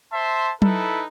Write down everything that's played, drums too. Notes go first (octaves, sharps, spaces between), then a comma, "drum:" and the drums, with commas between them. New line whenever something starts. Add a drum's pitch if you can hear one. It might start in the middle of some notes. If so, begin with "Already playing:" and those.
C5 E5 A5 C6
D#4 E4 A4 B4, drum: tom F#3